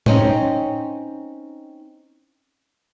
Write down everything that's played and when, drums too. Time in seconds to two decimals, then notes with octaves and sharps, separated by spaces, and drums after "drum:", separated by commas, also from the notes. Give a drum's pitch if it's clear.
0.06 C4 C#4 D#4, drum: tom A2